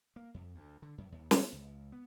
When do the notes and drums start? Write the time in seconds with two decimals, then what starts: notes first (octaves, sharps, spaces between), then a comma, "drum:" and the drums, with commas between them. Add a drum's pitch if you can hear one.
0.16 A#3
0.34 F2
0.55 D2
0.82 D3
0.98 F#2
1.12 D#2
1.31 B3, drum: snare
1.52 C#2
1.92 B3